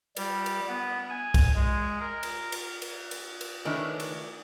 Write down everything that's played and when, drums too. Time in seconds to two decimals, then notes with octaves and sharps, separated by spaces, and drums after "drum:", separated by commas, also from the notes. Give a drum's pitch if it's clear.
0.17 G3, drum: cymbal
0.46 drum: cymbal
0.68 B3
1.10 G#5
1.34 drum: kick B1, cymbal
1.55 G#3
2.00 A#4
2.23 drum: cymbal
2.52 drum: cymbal
2.82 drum: cymbal
3.11 drum: cymbal
3.41 drum: cymbal
3.65 D#3 A3 C#4 D4 E4 B4
4.00 drum: cymbal